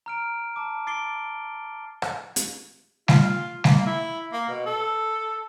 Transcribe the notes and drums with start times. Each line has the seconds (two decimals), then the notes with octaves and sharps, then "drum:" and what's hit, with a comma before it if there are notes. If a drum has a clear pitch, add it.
0.06 A#5 F6 D7
0.56 A5 D6
0.87 D6 A6 C7 D7 G7
2.02 drum: rim click
2.36 drum: hi-hat
3.08 F4, drum: snare G3
3.64 A#3, drum: snare G3
3.86 E4
4.33 A#3
4.49 B2
4.66 A4